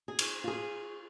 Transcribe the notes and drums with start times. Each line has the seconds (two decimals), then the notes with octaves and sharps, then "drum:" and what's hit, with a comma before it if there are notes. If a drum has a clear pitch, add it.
0.08 G#4
0.19 drum: cymbal
0.44 F4 G#4